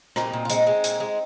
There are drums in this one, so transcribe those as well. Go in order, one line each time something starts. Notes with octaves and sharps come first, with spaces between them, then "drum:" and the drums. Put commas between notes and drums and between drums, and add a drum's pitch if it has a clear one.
A#2 C4 D#4, drum: rim click
A#2
F4
G#3 C4 D#4, drum: hi-hat
G#3
A#2, drum: hi-hat
G#3